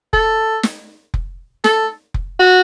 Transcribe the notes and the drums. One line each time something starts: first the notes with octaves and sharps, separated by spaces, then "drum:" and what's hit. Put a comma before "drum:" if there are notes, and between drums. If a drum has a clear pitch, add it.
A4, drum: kick F1
drum: snare
drum: kick F1
A4, drum: snare
drum: kick F1
F#4